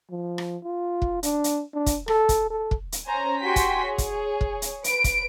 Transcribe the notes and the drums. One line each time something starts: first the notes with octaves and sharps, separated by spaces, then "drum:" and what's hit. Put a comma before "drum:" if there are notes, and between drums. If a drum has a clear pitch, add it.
F3
drum: rim click
F4
drum: kick
D4, drum: hi-hat
drum: hi-hat
D4
drum: kick, hi-hat
A4, drum: rim click
drum: kick, hi-hat
A4
drum: kick
drum: hi-hat
C#4 C5 G#5 A#5
F#4 G4 G5 G#5 C6 B6
drum: kick, hi-hat
G#4 C#5
drum: kick, hi-hat
drum: kick
drum: hi-hat
B4 D7, drum: hi-hat
drum: kick, hi-hat